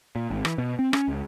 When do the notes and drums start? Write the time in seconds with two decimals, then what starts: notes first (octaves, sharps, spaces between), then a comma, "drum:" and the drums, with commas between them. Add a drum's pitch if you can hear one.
0.16 A#2
0.30 G#1
0.45 E3, drum: rim click
0.58 B2
0.79 C4
0.93 C#4, drum: rim click
1.08 C#2